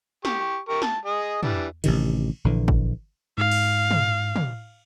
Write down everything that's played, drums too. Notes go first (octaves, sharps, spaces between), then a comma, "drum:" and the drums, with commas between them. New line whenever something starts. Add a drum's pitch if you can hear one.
G4 C#6, drum: snare
G4 A#4 C#6
A5, drum: snare
G#4 D#5
E3 G3 D4, drum: tom
A1 C3 D#3, drum: cymbal
A#1 D3 E3
drum: kick
G#2 F5
drum: cymbal
drum: tom
drum: tom